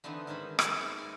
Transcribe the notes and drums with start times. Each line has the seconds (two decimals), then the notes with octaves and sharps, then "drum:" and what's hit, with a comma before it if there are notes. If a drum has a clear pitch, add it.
0.04 D3 E3 B3 C4 D#4
0.27 G#2 D#3 C#4 D#4 C5 B5
0.59 D#4 E4 A#4 D5, drum: rim click
0.76 C5
0.98 G#5